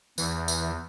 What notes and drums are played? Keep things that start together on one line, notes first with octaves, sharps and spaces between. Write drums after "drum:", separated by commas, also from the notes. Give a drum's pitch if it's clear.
E2 E3, drum: tambourine
drum: tambourine